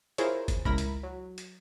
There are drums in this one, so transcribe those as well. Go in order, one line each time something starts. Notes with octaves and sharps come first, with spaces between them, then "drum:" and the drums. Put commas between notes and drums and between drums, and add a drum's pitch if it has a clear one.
E4 F4 G#4 A#4 C5 C#5, drum: hi-hat
drum: kick, hi-hat
C#2 E4 A#4 B5 A#6, drum: kick
drum: hi-hat
F#3
drum: hi-hat